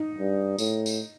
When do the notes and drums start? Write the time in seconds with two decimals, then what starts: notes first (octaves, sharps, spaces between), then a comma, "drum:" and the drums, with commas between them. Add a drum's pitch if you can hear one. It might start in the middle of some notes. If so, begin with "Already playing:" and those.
Already playing: D#4
0.18 G2
0.58 A2, drum: tambourine
0.86 drum: tambourine